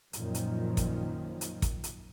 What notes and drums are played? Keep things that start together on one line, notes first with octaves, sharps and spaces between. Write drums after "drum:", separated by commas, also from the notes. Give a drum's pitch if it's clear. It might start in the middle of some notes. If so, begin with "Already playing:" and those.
F#2 A#2 D#3 F3, drum: hi-hat
drum: hi-hat
drum: kick, hi-hat
drum: hi-hat
drum: kick, hi-hat
drum: hi-hat